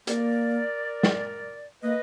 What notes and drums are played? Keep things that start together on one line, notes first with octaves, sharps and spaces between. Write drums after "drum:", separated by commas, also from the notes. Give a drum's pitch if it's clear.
A#3 A#4 D5, drum: hi-hat
drum: snare
A#3 B4 D#5